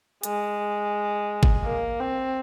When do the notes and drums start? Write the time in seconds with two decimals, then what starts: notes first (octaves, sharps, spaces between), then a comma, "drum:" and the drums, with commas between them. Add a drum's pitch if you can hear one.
0.23 G#3, drum: hi-hat
1.43 drum: kick G1
1.64 A#3
2.00 C4